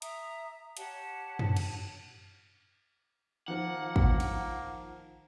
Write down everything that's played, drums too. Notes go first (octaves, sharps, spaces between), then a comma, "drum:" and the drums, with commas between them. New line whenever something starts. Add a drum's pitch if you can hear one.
E5 A#5 D#6, drum: hi-hat
G4 C#5 F#5 A5, drum: hi-hat
drum: tom F#2
drum: cymbal
D#3 F3 A#3 F#5
drum: kick
drum: cymbal